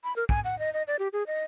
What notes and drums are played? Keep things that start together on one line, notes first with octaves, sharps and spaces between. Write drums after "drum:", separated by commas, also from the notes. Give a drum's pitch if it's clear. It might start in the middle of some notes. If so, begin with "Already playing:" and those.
B5
A#4
G#5, drum: kick
F#5
D#5
D#5
D5
G4
G#4
D#5